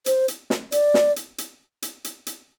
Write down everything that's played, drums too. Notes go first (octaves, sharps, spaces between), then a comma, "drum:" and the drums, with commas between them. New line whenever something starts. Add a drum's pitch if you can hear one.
C5, drum: hi-hat
drum: hi-hat
drum: snare
D5, drum: hi-hat
drum: snare
drum: hi-hat
drum: hi-hat
drum: hi-hat
drum: hi-hat
drum: hi-hat